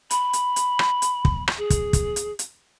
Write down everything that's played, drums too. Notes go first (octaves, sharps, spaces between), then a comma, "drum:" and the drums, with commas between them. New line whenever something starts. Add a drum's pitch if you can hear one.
B5, drum: hi-hat
drum: hi-hat
drum: hi-hat
drum: rim click
drum: hi-hat
drum: kick
drum: rim click
G#4
drum: kick, hi-hat
drum: kick, hi-hat
drum: hi-hat
drum: hi-hat